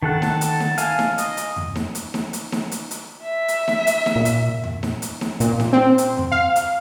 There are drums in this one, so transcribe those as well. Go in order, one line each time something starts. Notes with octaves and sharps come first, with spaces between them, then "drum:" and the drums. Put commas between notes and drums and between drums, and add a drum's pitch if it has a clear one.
D#3 A4 F#5 A5
drum: snare D#4
drum: hi-hat
drum: snare D#4
F5 G#5, drum: hi-hat
drum: snare D#4
D#5, drum: hi-hat
drum: hi-hat
drum: tom E2
drum: snare D#4
drum: hi-hat
drum: snare D#4
drum: hi-hat
drum: snare D#4
drum: hi-hat
drum: hi-hat
E5
drum: hi-hat
drum: snare D#4
drum: hi-hat
drum: snare D#4
A#2
drum: hi-hat
drum: tom E2
drum: snare D#4
drum: hi-hat
drum: snare D#4
A#2, drum: hi-hat
drum: snare D#4
C4
drum: hi-hat
drum: tom E2
F5
drum: hi-hat